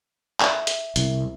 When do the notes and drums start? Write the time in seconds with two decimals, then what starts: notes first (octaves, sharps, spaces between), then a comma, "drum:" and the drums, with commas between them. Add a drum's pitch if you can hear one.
0.40 E5, drum: clap
0.67 drum: hi-hat
0.96 C2, drum: hi-hat